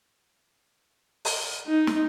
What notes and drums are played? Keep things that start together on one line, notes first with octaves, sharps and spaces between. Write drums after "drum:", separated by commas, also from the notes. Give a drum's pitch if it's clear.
drum: open hi-hat
D#4
drum: snare